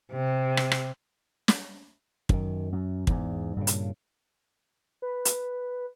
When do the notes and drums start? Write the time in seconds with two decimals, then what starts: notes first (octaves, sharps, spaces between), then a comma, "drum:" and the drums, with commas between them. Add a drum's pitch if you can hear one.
0.12 C3
0.57 drum: rim click
0.72 drum: rim click
1.48 drum: snare
2.29 F#2 D#3, drum: kick
2.72 F#2
3.07 E2 G#2, drum: kick
3.56 G2 A#2 C#3
3.67 drum: hi-hat
5.02 B4
5.25 drum: hi-hat